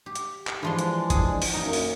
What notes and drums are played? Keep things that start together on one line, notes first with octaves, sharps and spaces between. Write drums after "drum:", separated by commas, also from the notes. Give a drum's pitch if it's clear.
G4
drum: hi-hat
drum: clap
E3 F3 G#3 D4 C6
drum: hi-hat
G#4, drum: kick, hi-hat
drum: open hi-hat
F#2 A#2 D#4 A#4
drum: open hi-hat